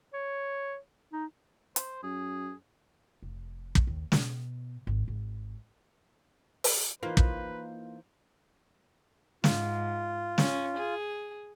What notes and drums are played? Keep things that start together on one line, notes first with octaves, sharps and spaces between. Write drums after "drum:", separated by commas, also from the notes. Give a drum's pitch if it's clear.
C#5
D#4
C5, drum: hi-hat
F#2 G#4
F1
drum: kick
D#2
B2, drum: snare
G#1
G#1
drum: open hi-hat
E3 A#3 D#4 F4 B4 C5
drum: kick
G#2 F4, drum: snare
C#4, drum: snare
G#4